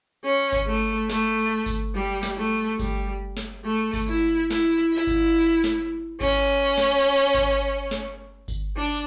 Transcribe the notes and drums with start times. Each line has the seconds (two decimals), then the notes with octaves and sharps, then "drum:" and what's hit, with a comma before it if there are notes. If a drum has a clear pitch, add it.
0.24 C#4
0.52 drum: kick G1, tambourine
0.67 A3
1.10 A3, drum: snare
1.66 drum: kick G1, tambourine
1.94 G3
2.23 drum: snare
2.37 A3
2.79 G3, drum: kick G1, tambourine
3.37 drum: snare
3.65 A3
3.93 drum: kick G1, tambourine
4.08 E4
4.51 E4, drum: snare
4.93 E4
5.07 drum: kick G1, tambourine
5.64 drum: snare
6.21 C#4, drum: kick G1, tambourine
6.78 drum: snare
7.34 drum: kick G1, tambourine
7.91 drum: snare
8.48 drum: kick G1, tambourine
8.77 D4